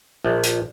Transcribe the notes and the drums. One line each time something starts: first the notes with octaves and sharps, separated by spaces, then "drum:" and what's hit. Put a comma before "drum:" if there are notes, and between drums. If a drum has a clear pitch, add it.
A#1
drum: hi-hat